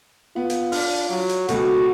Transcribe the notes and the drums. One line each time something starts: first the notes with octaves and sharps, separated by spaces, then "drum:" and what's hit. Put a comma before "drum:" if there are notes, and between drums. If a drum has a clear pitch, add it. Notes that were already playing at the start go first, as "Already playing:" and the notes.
B3 F4
drum: hi-hat
D4 F6, drum: open hi-hat
F#3
drum: hi-hat
C#2 B2 F#4 A4, drum: hi-hat